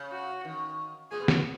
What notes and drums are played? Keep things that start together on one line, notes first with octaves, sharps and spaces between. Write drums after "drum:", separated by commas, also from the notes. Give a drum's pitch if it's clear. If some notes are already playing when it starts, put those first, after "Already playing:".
Already playing: C#3
F#4
D#3
A#2 G#4
B2
C#3, drum: snare
B3